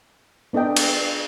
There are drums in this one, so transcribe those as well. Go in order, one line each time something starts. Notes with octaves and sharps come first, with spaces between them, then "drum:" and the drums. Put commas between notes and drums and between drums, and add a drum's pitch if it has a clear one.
B3 D4 A4 D#5 G5
drum: cymbal